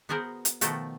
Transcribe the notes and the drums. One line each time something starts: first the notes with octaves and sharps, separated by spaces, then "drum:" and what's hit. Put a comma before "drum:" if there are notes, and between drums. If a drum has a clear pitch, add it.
B3 F#4 G#4 A#4 C5
drum: hi-hat
B2 D#3 F3 A3 F#4 G5, drum: hi-hat